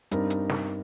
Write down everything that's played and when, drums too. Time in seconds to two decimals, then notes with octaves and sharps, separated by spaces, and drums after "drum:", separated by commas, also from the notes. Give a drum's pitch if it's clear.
0.11 G2 G3 C4 D#4 A#4, drum: hi-hat
0.30 drum: hi-hat
0.49 drum: snare